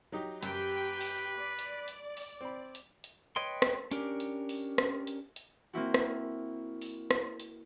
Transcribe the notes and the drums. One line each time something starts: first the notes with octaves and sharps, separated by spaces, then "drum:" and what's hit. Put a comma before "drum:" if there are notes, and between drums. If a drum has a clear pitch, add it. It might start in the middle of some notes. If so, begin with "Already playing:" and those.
F#3 D#4 G4
F#2 G4 B4 G5, drum: hi-hat
drum: open hi-hat
D5
drum: hi-hat
drum: hi-hat
drum: open hi-hat
C4 B5
drum: hi-hat
drum: hi-hat
B4 C#5 D#5 G5 C6
drum: rim click
C#4 D4 G4 A#4, drum: hi-hat
drum: hi-hat
drum: open hi-hat
drum: rim click
drum: hi-hat
drum: hi-hat
A#3 C4 E4 F#4
drum: rim click
drum: open hi-hat
drum: rim click
drum: hi-hat